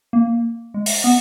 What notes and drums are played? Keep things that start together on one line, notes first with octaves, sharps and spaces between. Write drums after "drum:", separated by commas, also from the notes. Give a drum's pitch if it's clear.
A#3
G#3
drum: open hi-hat
B3